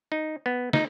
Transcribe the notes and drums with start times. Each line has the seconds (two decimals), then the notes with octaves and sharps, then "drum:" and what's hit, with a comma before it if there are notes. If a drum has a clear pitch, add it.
0.12 D#4
0.46 B3
0.73 D#4, drum: snare